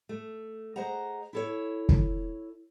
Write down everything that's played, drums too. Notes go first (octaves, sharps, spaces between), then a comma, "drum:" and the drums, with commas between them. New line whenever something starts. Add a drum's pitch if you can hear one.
A3
G#4 C5 D#5 F#5 A#5
E4 A4 C#5
drum: kick